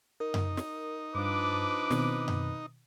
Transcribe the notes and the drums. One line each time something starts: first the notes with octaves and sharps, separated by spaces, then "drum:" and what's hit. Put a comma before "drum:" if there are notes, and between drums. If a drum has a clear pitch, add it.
D#4 A#4
drum: tom F#2
drum: snare
G2 F3 D4 B4 D6
B2 D#3 C4, drum: snare
drum: tom F#2